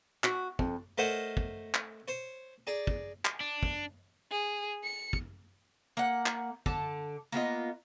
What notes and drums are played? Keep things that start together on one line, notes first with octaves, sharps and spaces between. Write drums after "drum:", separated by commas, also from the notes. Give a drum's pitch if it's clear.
F#4, drum: clap
F2, drum: kick
A3 A#4 C5 C#5 D#5 F#5
drum: kick
drum: clap
C5 C#5
G#4 D5 A#5
drum: kick
drum: clap
D4
drum: kick
G#4
C#7
drum: kick
A#3 F#5
drum: clap
D3 A5, drum: kick
A#3 B3 F4 D#5